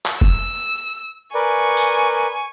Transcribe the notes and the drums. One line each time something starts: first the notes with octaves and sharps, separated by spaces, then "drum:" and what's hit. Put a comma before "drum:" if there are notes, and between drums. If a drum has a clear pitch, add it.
drum: clap
E6, drum: kick
A#4 B4 D5 G#5 C#6
drum: tambourine